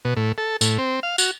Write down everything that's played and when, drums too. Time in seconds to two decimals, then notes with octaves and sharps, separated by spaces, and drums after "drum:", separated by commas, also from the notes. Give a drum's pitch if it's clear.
0.05 B2
0.17 A2
0.38 A4
0.61 A2, drum: tambourine
0.78 C4
1.03 F5
1.18 F#4, drum: tambourine